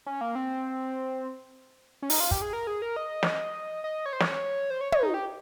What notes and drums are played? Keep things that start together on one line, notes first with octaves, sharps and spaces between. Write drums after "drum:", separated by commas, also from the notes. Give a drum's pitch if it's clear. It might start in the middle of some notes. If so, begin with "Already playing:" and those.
C#4
A#3
C4
C#4
D#4, drum: open hi-hat
F4
G4, drum: kick
G#4
A#4
G#4
A#4
D#5
drum: snare
D#5
C#5
C5
C#5, drum: snare
C5
C#5
C#5, drum: tom
D#4
G4